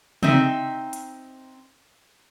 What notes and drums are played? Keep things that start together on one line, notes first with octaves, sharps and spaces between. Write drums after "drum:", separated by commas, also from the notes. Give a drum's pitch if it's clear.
C4 D#4 E5, drum: tom C3
drum: hi-hat